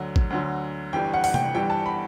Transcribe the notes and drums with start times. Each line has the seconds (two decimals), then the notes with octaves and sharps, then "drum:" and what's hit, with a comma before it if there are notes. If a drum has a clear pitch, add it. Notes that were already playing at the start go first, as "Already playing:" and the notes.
Already playing: D2 D3 F#3
0.16 drum: kick
0.30 D2 D3 F#3
0.93 G1 G2 E3 G3 G5
1.14 F#5
1.24 F#5, drum: open hi-hat
1.34 G5, drum: tom C3
1.55 G1 G2 E3 G3 G5
1.70 A5
1.86 B5